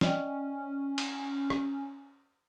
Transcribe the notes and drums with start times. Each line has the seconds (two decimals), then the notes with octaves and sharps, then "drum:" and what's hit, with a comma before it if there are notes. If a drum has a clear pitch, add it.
0.01 C#4 D5 D#5 G5, drum: snare
0.98 drum: cymbal
1.50 drum: rim click